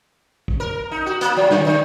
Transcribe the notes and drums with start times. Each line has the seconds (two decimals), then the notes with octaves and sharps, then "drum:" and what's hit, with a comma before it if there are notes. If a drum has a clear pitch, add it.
0.48 drum: kick
0.60 A#4
0.91 D#4
1.06 F#4
1.21 A#3, drum: hi-hat
1.36 F3
1.51 D3, drum: snare
1.66 D3